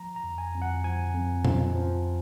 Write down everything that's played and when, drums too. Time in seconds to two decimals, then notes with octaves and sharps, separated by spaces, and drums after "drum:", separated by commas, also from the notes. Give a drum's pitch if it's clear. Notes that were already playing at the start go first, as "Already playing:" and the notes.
Already playing: F3 A#5
0.16 A#5
0.24 F2
0.38 G#5
0.54 F2
0.62 F#5
0.84 F3 G#5
1.14 F2
1.45 F3, drum: tom A#2
1.75 F3